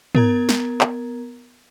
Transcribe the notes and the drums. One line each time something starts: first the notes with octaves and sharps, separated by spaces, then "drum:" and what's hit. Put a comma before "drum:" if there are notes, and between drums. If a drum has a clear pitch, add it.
B3 A#4 A#5 G#6, drum: tom
drum: snare
drum: clap